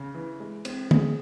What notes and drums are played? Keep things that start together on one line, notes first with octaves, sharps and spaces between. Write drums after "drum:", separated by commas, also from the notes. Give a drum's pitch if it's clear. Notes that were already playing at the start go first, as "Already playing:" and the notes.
Already playing: C#3
E3
G#3
C4, drum: cymbal
G#4, drum: tom